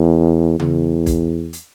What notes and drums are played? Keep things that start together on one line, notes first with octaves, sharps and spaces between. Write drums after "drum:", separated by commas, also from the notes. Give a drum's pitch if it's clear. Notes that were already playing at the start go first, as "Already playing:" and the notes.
Already playing: E2
E2, drum: tom C#3
drum: kick, hi-hat
drum: hi-hat